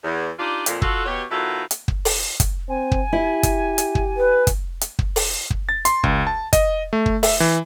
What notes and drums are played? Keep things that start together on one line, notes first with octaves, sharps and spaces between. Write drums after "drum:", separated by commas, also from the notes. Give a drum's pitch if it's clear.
E2
D4 D#4 F4 G4 D5
F2 A#2, drum: hi-hat
F4 F#4 A4, drum: kick
B2 G4 C#5
B2 D#3 F#3 E4 F4 A4
drum: hi-hat
drum: kick
drum: open hi-hat
drum: kick, hi-hat
C4 G#5
drum: kick
E4 G4
drum: kick, hi-hat
drum: hi-hat
drum: kick
B4
drum: kick, hi-hat
drum: hi-hat
drum: kick
drum: open hi-hat
drum: kick
A6
C6, drum: hi-hat
C#2, drum: kick
A5
D#5, drum: kick, hi-hat
A3
drum: kick
E5, drum: open hi-hat
E3